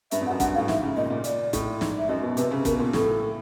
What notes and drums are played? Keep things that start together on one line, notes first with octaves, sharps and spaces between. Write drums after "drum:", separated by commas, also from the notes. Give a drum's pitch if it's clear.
G2 E5, drum: hi-hat
F2
F#5
F#2
G2 F#5, drum: kick, hi-hat
F5
A2
G#2 E5, drum: snare
C#3
A#2 D#5
A#2
D5, drum: hi-hat
A2, drum: kick, hi-hat
G#2, drum: snare
E5
F#2 D#5
B2
C3 B4, drum: hi-hat
C#3
B2 A#4, drum: kick, hi-hat
A#2
A2 A4, drum: snare